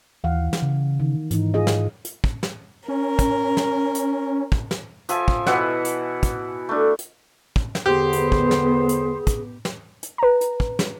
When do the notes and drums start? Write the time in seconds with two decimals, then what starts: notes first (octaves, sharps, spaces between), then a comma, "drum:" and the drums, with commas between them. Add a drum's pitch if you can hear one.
0.24 D#2 E3 F5 F#5
0.53 drum: snare
0.62 C#3
1.00 D#3
1.31 G#2 E3 D#4, drum: hi-hat
1.54 F4 G#4 D#5
1.67 drum: snare
2.05 drum: hi-hat
2.24 drum: kick
2.43 drum: snare
2.88 C#4 A#4
3.19 drum: kick, hi-hat
3.57 drum: snare
3.95 drum: hi-hat
4.52 drum: kick
4.71 drum: snare
5.09 F3 E5 G#5 A5, drum: hi-hat
5.28 drum: kick
5.46 B2 E3 E4 F#5, drum: snare
5.85 drum: hi-hat
6.23 drum: kick, hi-hat
6.69 A3 D4
6.99 drum: hi-hat
7.56 drum: kick
7.75 drum: snare
7.86 E2 D3 B3 G4 G#4 C5
8.13 drum: hi-hat
8.32 drum: kick
8.51 drum: snare
8.89 drum: hi-hat
9.27 drum: kick, hi-hat
9.65 drum: snare
10.03 drum: hi-hat
10.18 B4 A#5
10.41 drum: hi-hat
10.60 drum: kick
10.79 drum: snare